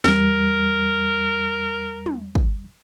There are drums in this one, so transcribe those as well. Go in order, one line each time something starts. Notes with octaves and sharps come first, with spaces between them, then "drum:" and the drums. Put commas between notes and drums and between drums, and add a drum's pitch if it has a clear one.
E2 G3 A#4, drum: snare
drum: tom
drum: kick